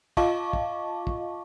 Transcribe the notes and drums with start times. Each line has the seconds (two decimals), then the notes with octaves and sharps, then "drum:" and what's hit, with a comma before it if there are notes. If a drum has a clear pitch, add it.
0.17 F4 D#5 F5 A5 C#6 D6, drum: kick
0.53 drum: kick
1.07 drum: kick